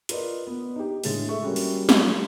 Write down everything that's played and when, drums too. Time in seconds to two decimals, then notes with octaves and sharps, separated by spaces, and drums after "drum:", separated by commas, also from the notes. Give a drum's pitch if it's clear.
0.09 F4 A#4 B4 D5 D#5, drum: hi-hat
0.47 B3
0.76 D#4 G4
1.04 A2 D3 G#3 A6, drum: open hi-hat
1.29 A4 E5 C#6
1.42 G3 A#3 C#4 F#4 G#4
1.56 drum: open hi-hat
1.89 drum: snare